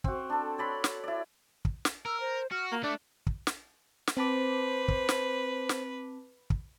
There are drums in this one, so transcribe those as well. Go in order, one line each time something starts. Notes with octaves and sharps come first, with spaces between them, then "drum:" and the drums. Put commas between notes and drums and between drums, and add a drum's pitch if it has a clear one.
C4 F#4, drum: kick
D4 A4
C#5 D5 B5 C6
drum: snare
E4 D5
drum: kick
drum: snare
A#4 E6
C5
F#4 F6
A#3 A#5
A3 D4 D6
drum: kick
drum: snare
drum: snare
C4 B4 C5 A5 D6
drum: kick
drum: snare
drum: snare
drum: kick